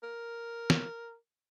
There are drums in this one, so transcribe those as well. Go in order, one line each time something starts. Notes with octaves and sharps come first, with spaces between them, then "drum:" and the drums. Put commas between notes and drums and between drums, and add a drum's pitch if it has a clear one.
A#4
drum: snare